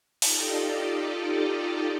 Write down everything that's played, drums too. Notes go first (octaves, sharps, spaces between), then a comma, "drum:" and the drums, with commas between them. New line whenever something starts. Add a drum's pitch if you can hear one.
D#4 F4 G4 A4 D5 D#5, drum: open hi-hat